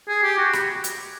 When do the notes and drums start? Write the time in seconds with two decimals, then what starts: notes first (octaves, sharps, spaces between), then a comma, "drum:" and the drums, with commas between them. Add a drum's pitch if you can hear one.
0.08 G#4
0.23 G4
0.38 F#4
0.53 drum: rim click
0.84 drum: hi-hat